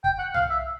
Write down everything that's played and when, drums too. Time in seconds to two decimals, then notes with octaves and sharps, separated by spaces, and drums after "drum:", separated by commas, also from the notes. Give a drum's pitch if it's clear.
0.04 G5, drum: kick
0.19 F#5
0.34 F5, drum: tom
0.49 E5